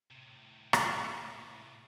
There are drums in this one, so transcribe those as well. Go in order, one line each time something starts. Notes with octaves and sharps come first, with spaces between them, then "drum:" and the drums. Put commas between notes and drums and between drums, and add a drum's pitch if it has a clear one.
A2 C3
drum: rim click